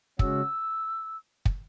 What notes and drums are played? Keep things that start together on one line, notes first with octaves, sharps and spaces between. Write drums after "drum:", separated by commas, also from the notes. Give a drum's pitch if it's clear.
C#3 G#3 C#4 F#4 E6, drum: kick
drum: kick